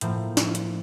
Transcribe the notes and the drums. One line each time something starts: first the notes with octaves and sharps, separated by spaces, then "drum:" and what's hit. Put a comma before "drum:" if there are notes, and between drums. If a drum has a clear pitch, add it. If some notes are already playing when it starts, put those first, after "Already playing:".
A2 F3 A#3, drum: hi-hat
drum: snare
drum: hi-hat